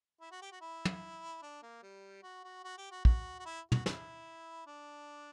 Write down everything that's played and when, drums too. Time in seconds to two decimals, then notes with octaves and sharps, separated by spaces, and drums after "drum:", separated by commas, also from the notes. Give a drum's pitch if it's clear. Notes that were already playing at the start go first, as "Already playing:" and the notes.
0.21 E4
0.31 F#4
0.42 G4
0.52 F#4
0.61 E4
0.85 drum: tom
1.43 D4
1.63 A#3
1.83 G3
2.23 F#4
2.44 F#4
2.64 F#4
2.78 G4
2.92 F#4
3.05 F#4, drum: kick
3.40 F#4
3.46 E4
3.72 F#4, drum: tom
3.86 E4, drum: snare
4.67 D4